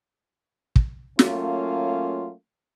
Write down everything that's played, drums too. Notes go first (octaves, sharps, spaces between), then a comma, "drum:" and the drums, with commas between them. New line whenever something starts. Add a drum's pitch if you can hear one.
drum: kick
F#3 A3 A#3 C#4 F4, drum: snare